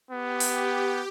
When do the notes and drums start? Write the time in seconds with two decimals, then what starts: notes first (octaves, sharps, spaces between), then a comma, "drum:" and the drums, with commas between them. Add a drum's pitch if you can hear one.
0.11 B3 G4
0.40 drum: open hi-hat